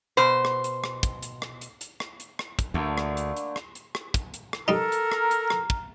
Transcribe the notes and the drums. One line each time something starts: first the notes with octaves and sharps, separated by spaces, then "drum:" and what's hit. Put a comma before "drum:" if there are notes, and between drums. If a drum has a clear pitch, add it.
B2 C5
drum: rim click
drum: hi-hat
drum: rim click
drum: kick, hi-hat
drum: hi-hat
drum: rim click
drum: hi-hat
drum: hi-hat
drum: rim click
drum: hi-hat
drum: rim click
drum: kick, hi-hat
D2 D3 A3 A#3
drum: rim click
drum: hi-hat
drum: hi-hat
drum: rim click
drum: hi-hat
drum: rim click
drum: kick, hi-hat
drum: hi-hat
drum: rim click
G3 D#4 A4 A#4
drum: hi-hat
A#5 F6, drum: rim click
drum: hi-hat
drum: rim click
drum: kick